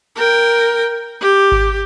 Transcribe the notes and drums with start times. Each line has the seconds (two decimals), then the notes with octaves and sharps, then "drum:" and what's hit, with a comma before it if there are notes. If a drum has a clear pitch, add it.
0.16 A#4 G5
1.20 G4
1.52 drum: kick G#1